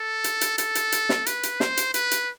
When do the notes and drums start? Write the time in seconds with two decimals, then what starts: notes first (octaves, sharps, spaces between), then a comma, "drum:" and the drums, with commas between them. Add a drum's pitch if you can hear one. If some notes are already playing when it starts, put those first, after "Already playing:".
Already playing: A4
0.24 drum: hi-hat
0.41 drum: hi-hat
0.58 A4, drum: hi-hat
0.75 drum: hi-hat
0.92 drum: hi-hat
1.09 drum: snare
1.26 B4, drum: hi-hat
1.43 drum: hi-hat
1.60 C5, drum: snare
1.77 drum: hi-hat
1.94 B4, drum: hi-hat
2.11 drum: hi-hat